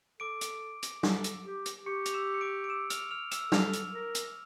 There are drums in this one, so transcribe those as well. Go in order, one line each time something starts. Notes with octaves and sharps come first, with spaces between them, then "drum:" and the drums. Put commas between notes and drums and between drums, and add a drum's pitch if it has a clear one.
A4 D6 D7
drum: hi-hat
drum: hi-hat
A4, drum: snare
drum: hi-hat
G4
drum: hi-hat
G4 C#6 C#7
F7, drum: hi-hat
E6 E7
C#7
D6 D7
D7
E6 E7
F6 F7, drum: hi-hat
F6 F7
E6 E7, drum: hi-hat
A4 F6 F7, drum: snare
drum: hi-hat
A#4
drum: hi-hat